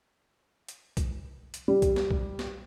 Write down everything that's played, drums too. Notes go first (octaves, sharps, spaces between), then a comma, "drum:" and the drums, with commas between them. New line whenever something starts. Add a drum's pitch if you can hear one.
drum: hi-hat
drum: kick B1, hi-hat
drum: hi-hat
G3
drum: kick B1, hi-hat
drum: snare
drum: kick B1
drum: snare